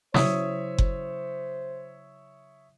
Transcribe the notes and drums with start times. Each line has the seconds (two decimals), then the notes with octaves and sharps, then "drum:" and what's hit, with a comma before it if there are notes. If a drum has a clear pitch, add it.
0.14 C#3 F#3 E4 C5 C#5 E5 D#6, drum: snare
0.78 drum: kick F#1